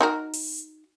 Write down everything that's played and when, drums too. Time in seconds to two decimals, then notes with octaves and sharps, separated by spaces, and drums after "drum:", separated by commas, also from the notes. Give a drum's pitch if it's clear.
0.01 D#4 F#4 A#4
0.33 drum: open hi-hat